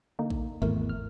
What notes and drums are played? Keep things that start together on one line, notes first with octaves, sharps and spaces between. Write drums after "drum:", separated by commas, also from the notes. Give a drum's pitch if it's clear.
D3 A#3 D#4
drum: kick A1
G#1 E2 A3 A#4
F6